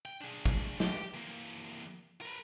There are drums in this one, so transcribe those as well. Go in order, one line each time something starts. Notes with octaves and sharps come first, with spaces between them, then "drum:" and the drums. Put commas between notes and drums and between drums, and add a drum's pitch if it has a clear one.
G5
D4 G#4
drum: kick
G4, drum: snare
E3 A#3
A#4 B4